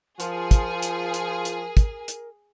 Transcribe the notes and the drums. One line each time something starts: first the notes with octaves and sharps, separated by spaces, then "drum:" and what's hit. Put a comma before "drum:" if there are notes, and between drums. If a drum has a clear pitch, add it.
F3 F4 G#4 A#4, drum: hi-hat
drum: kick, hi-hat
drum: hi-hat
drum: hi-hat
drum: hi-hat
drum: kick, hi-hat
drum: hi-hat